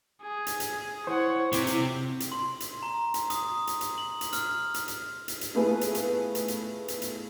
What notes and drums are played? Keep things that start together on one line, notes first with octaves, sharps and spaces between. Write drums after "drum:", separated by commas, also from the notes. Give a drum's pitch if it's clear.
G#4
drum: hi-hat
drum: hi-hat
E4 C5 C#5 F#5
C3 D6, drum: hi-hat
drum: hi-hat
drum: hi-hat
C6
drum: hi-hat
A#5
drum: hi-hat
D#6, drum: hi-hat
drum: hi-hat
drum: hi-hat
F#7
drum: hi-hat
F6, drum: hi-hat
drum: hi-hat
drum: hi-hat
drum: hi-hat
drum: hi-hat
A3 B3 E4 F4 G#4 B4
drum: hi-hat
drum: hi-hat
drum: hi-hat
drum: hi-hat
drum: hi-hat
drum: hi-hat